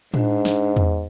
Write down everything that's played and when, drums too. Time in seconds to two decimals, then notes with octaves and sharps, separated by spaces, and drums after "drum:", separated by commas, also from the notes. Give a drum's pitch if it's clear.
0.14 G#2 D4, drum: tom A2
0.45 drum: snare
0.77 drum: tom E2